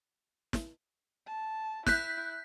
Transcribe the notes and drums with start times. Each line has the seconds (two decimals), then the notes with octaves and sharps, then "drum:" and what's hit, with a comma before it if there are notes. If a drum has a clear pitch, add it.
0.53 drum: snare
1.26 A5
1.87 E4 F#6 G6 B6, drum: snare